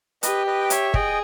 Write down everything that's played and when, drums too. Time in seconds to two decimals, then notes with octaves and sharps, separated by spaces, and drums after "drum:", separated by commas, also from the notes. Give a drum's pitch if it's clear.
0.23 G4 B4 D#5, drum: hi-hat
0.47 B4 D#5
0.61 G5
0.70 C#5 E5, drum: hi-hat
0.94 G#4 D#5 G5, drum: kick